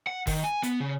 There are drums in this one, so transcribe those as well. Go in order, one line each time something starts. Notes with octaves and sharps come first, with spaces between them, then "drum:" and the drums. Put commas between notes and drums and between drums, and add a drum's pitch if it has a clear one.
F#5
D#3, drum: kick F#1, open hi-hat
G#5
B3, drum: hi-hat
C#3